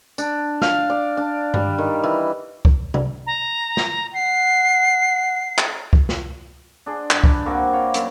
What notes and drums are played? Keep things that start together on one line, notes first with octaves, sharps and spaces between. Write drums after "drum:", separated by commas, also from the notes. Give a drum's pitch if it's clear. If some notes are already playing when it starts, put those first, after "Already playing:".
D4, drum: tambourine
F5, drum: snare
D5
D4
G3, drum: tom G2
D#3
E3
drum: kick C2
drum: tom C3
A#5
drum: snare
F#5 C7
drum: clap
drum: kick C2
drum: snare
D4 G#4 C6
G2, drum: clap
B4, drum: kick C2
A#3 C4 F#4 B4
C#5 F5 G5
F#2 A#3, drum: hi-hat